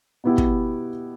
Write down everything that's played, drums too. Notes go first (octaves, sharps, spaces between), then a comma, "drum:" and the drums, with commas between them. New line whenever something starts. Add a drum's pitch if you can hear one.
B2 B3 E4 G4
drum: kick